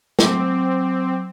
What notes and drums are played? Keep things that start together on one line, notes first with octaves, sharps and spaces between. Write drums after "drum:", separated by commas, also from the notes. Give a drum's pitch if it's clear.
F#3 C4 D6, drum: snare